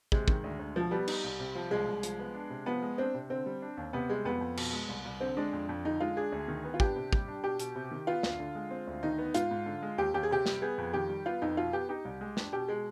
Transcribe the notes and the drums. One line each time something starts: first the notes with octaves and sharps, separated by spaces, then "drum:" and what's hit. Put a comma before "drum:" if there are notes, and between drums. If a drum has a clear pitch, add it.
C3 G#3, drum: kick
D#3, drum: kick
D2
D2
B2 F3
G3 B3
D#4, drum: cymbal
C2
C3
F3
C2 G#3
C2
F3, drum: hi-hat
B3
D4
C3
F3 B3
G#3
C4 D4
C3
D3 C4
G3
D4
D#2
C3 B3
G3 G#3
F2 B3
F2
B2, drum: cymbal
G#3
C2
C2
D3 C4
G#3 D4
F2
F2
D3 D#4
G#3 F4
D4 G#4
D2
D#3
B3
F4
D4 G4, drum: kick
C3
G3, drum: kick
D4
B2 G4
B2, drum: hi-hat
C3
D#3
B3 F4
D2, drum: snare
D3
G#3
C4
D2
D#3 D#4
B3
G#2 F4, drum: hi-hat
G#2
D3
G#3
D#2 G4
D#2 G4
G#4
C3 G4
G3, drum: snare
B3 G#4
F2
D#3 G4
G3
B3 F4
F2 D#4
B2 F4
B3 G4
D#4 G4
C2
G#3
D4, drum: snare
B2 G4
B2 G#3